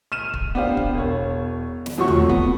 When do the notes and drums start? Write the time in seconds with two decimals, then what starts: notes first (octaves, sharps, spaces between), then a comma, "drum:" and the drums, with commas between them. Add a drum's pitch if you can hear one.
0.12 F6 D#7 E7
0.34 drum: kick
0.55 B3 D4 G4 C5 F5
0.77 drum: kick
0.95 E1 C#5
1.86 drum: snare
1.98 F2 F3 F#3 A3 F#4 C#6
2.08 drum: tom
2.29 B3, drum: kick